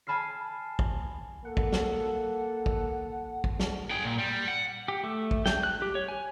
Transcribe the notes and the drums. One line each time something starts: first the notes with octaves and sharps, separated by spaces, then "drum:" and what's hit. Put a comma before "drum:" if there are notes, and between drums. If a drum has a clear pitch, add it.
G#5 A5 B5 F6 C7
drum: kick
A#3 A4 F#5
drum: kick
drum: snare
drum: kick
drum: kick
drum: snare
G#4 G5
A#2
G3
F#5
G4
A3
drum: kick
G5, drum: snare
F#6
G4
C#5
G#5